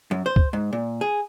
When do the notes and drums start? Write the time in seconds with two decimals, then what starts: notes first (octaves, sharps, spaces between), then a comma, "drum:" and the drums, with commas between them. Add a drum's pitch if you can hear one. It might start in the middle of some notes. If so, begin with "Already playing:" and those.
0.11 F#2
0.26 C5
0.36 drum: kick
0.53 G#2
0.73 A#2
1.01 G#4